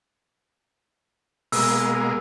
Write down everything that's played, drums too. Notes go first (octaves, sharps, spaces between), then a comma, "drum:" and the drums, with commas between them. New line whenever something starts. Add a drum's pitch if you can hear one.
B2 G#3 A#3 E6, drum: open hi-hat